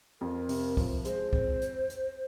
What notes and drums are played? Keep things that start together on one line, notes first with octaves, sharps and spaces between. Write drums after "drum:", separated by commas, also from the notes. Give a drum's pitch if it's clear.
F2 A#4
C3, drum: open hi-hat
F3, drum: kick, open hi-hat
G#3 C5, drum: hi-hat
F2, drum: kick
drum: hi-hat
drum: hi-hat